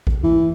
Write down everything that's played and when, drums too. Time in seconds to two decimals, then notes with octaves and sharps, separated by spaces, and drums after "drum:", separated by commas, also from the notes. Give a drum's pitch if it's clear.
0.07 drum: kick A1
0.24 E3, drum: tom G2